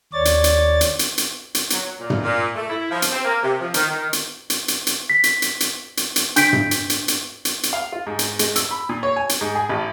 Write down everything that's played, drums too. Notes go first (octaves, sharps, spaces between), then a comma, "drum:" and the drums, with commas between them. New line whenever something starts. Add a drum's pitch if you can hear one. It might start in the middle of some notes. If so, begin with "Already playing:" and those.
D#2 C#5 D5 A6
drum: hi-hat
drum: hi-hat
drum: hi-hat
drum: hi-hat
drum: hi-hat
drum: hi-hat
F#3, drum: hi-hat
A#2
drum: tom
A#2
A3
E4
F3
drum: hi-hat
C4
A#3
C3
F3
D#3, drum: hi-hat
D#3
drum: hi-hat
drum: hi-hat
drum: hi-hat
drum: hi-hat
B6
drum: hi-hat
drum: hi-hat
drum: hi-hat
drum: hi-hat
drum: hi-hat
D4 G6 B6 D7, drum: hi-hat
drum: tom
drum: hi-hat
drum: hi-hat
drum: hi-hat
drum: hi-hat
drum: hi-hat
F5
F4
G#2
drum: hi-hat
G#3, drum: hi-hat
E6, drum: hi-hat
B5
A#2
C#5
G#5
drum: hi-hat
G#2
G#4
A1